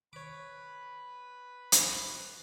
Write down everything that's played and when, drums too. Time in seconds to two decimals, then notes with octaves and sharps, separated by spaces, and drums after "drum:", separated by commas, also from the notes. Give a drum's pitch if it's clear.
0.13 B4 C#5 B5 D6
1.72 drum: hi-hat